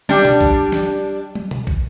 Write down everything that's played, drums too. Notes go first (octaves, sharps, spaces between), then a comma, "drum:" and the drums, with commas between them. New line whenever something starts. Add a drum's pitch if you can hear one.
G3 D4, drum: tom
drum: tom B2
drum: kick
drum: snare
drum: tom
drum: tom B2
drum: kick